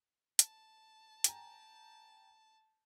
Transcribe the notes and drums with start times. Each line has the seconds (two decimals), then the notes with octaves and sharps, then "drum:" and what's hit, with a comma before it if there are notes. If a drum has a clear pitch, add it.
0.39 A5, drum: hi-hat
1.24 G5 G#5 A#5, drum: hi-hat